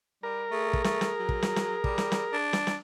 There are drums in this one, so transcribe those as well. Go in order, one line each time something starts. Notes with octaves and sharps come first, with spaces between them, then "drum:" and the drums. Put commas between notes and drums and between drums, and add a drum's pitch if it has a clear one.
G3 A#4
A3 G#4
drum: kick
A3, drum: snare
drum: snare
F#3
drum: kick
drum: snare
drum: snare
G3, drum: kick
drum: snare
drum: snare
D4
drum: snare
drum: snare